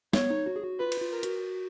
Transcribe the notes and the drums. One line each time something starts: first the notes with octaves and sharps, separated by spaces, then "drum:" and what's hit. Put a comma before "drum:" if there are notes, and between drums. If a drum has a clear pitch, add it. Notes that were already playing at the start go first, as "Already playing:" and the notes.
B3 C#5, drum: snare
D#4
F#4
G#4
F#4
F4 B4
drum: cymbal
F4
A#4
F#4, drum: hi-hat